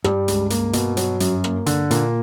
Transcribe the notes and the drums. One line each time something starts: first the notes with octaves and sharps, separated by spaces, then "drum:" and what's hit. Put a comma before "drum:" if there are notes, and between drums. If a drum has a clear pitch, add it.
G2 G3, drum: rim click
C#2, drum: hi-hat
A#3, drum: hi-hat
B2, drum: hi-hat
F#3, drum: hi-hat
F#2, drum: hi-hat
A#3, drum: rim click
D3, drum: hi-hat
A#2 A#3, drum: hi-hat